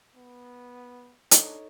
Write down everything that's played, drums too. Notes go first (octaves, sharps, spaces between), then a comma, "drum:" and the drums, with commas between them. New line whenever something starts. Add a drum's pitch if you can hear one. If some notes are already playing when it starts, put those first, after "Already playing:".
B3
D4 D#4 A4 C#5, drum: hi-hat